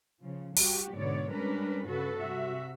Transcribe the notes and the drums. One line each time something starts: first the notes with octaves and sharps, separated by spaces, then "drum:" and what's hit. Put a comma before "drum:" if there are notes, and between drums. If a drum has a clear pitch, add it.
C#3 F3
G3 F#4 G4, drum: open hi-hat
G#2 B2 D3 B3 C#5 D5
G3 G#3 C#4 D4 A#4 B4
G2 C#3 F#4 A4 B4
C3 G3 F#4 E5